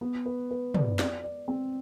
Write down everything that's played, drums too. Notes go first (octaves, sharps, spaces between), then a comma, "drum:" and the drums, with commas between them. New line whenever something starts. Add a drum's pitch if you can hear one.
B3
B4
B4
D5, drum: tom
D5, drum: snare
D5
C4